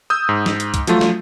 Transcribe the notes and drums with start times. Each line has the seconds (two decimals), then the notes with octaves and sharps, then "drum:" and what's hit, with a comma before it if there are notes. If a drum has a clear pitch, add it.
0.10 D#6 E6 G6
0.29 G#2
0.46 drum: snare
0.60 drum: hi-hat
0.74 drum: kick, hi-hat
0.87 F3 F#3 A3 F4, drum: hi-hat
1.01 drum: snare